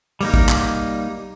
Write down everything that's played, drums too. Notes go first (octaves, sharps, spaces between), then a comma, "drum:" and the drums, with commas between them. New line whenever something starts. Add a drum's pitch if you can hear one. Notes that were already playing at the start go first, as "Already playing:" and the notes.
G3 A#3 D#4, drum: open hi-hat
drum: kick
drum: clap